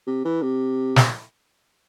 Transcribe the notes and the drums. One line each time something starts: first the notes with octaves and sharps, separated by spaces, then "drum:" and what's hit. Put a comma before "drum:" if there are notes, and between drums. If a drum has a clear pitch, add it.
C3
E3
C3
drum: snare